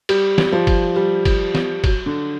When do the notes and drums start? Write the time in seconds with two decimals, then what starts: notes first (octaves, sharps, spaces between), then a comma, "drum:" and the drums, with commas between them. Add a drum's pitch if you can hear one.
0.09 G3, drum: cymbal
0.38 drum: snare
0.52 F3
0.67 drum: kick, cymbal
0.96 G3
1.25 drum: kick, cymbal
1.55 drum: snare
1.84 F#3, drum: kick, cymbal
2.06 D3